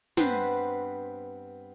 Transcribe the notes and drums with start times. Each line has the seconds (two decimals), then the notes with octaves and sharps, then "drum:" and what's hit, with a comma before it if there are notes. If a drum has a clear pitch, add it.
0.17 G2 B3 C4 B4 C5, drum: snare